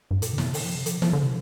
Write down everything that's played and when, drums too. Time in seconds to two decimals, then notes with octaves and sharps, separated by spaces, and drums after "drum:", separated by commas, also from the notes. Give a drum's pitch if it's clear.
0.11 G2
0.22 A#2, drum: hi-hat
0.33 D3
0.38 C3, drum: snare
0.54 D3, drum: open hi-hat
0.65 F3
0.75 C3
0.86 F3, drum: hi-hat
1.02 F3, drum: snare
1.13 D3
1.23 C3